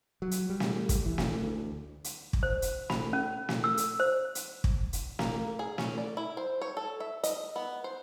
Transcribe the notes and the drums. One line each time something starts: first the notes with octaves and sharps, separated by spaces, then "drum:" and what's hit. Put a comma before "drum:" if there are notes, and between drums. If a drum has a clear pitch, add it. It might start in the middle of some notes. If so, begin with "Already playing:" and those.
F#3
drum: hi-hat
G3
drum: snare
drum: kick, hi-hat
E3
drum: snare
D2
drum: hi-hat
drum: kick
C5
drum: hi-hat
B5, drum: snare
C#4
drum: snare
E6
drum: hi-hat
C5
drum: hi-hat
drum: kick
drum: hi-hat
A#3, drum: snare
G#4
C#4, drum: snare
D5
E4
C5
C#5
A4
E5
D#5, drum: hi-hat
B3
C5